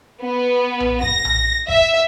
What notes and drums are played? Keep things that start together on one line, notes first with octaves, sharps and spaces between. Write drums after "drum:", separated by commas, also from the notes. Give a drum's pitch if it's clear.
B3
drum: tom A#1
A#6, drum: kick F#1
drum: tom A#1
E5, drum: kick F#1